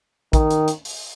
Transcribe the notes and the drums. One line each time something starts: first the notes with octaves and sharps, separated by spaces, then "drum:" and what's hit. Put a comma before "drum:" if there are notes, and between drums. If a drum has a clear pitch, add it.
D#3, drum: kick A#1, hi-hat
drum: hi-hat
drum: hi-hat
drum: open hi-hat